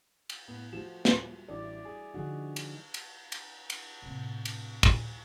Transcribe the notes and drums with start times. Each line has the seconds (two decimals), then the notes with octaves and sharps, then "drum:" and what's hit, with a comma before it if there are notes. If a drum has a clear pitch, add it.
0.29 drum: cymbal
0.48 A2 B3
0.73 F3 A3 F#4 E7
1.05 G3, drum: snare
1.49 A1 E4 D5
1.85 G#4
2.14 D3 F3 D#4 F#4 G#4
2.56 drum: cymbal
2.94 drum: cymbal
3.32 drum: cymbal
3.70 drum: cymbal
4.02 A2 C3
4.45 drum: cymbal
4.83 drum: kick, cymbal